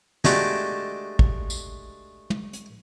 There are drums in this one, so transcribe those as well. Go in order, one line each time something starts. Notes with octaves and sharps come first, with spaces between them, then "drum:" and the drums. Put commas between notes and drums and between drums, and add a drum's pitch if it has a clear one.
G#3 A3 D4 F#4 G4 A4, drum: snare
drum: kick
drum: tambourine
drum: tom
drum: hi-hat